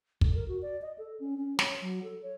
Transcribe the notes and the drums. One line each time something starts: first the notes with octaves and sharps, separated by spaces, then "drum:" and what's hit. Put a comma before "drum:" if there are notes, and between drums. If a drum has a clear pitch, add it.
D3, drum: kick
A#4
F#4
D5
D#5
A4
C#4
C#4
C#5, drum: snare
F#3
A4
C#5